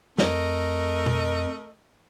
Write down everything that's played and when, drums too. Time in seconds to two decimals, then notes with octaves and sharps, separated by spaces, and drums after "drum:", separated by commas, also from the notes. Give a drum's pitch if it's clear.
0.18 F2 A3 A#4 D#5, drum: snare
1.06 drum: tom B2